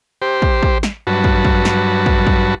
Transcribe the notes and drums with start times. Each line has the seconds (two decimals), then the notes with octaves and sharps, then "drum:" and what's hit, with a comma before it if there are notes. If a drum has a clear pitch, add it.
0.22 G4 C5
0.42 drum: kick
0.63 drum: kick
0.83 drum: snare
1.07 G2 F#3 F#4 B4 A5
1.24 drum: kick
1.45 drum: kick
1.65 drum: snare
2.06 drum: kick
2.27 drum: kick